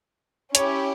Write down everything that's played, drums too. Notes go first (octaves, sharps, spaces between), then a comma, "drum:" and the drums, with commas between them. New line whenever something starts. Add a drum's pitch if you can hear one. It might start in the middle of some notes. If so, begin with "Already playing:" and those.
C#4 E4 G4 C#5, drum: hi-hat